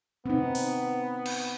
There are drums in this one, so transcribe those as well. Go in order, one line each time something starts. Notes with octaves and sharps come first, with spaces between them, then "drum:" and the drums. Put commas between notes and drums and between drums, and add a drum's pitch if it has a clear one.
B3 C4 D#4
drum: open hi-hat
drum: cymbal